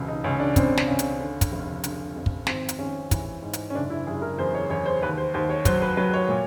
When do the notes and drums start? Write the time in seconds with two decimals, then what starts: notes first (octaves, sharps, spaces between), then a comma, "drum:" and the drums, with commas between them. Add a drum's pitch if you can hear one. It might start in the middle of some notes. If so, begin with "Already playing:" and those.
Already playing: E1 C#2
0.08 D#4
0.24 C#2 C#4
0.40 D4
0.56 C#2 C4, drum: kick, hi-hat
0.78 drum: snare
0.88 C#2 C#4
0.99 drum: hi-hat
1.20 D3
1.41 drum: kick, hi-hat
1.52 F1
1.84 D3, drum: hi-hat
2.16 F2
2.26 drum: kick
2.47 G#1 C4, drum: snare
2.69 drum: hi-hat
2.79 G#1 C#4
3.11 E3, drum: kick, hi-hat
3.42 G#2
3.53 drum: hi-hat
3.70 C#4
3.75 F#1 D4
3.90 E4
4.07 F#1 G#4
4.22 A#4
4.39 E2 C5
4.54 C#5
4.70 E2 C#5
4.86 C5
5.02 D#2 B4
5.18 C5
5.34 D#2 C5
5.49 C#5
5.65 F#3 C5, drum: kick, hi-hat
5.82 B4
5.97 F#3 B4
6.14 C#5
6.29 A#2